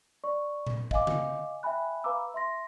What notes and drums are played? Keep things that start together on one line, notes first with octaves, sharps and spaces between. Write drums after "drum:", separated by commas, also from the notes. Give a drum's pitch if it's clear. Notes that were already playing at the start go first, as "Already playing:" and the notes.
D5 C#6
drum: tom A#2
D#5 F5 G#5 D6, drum: kick
drum: tom C#3
E5 G5 G#5 B5 F#6
B4 F5 A#5 B5 D6 E6
E5 C6 A#6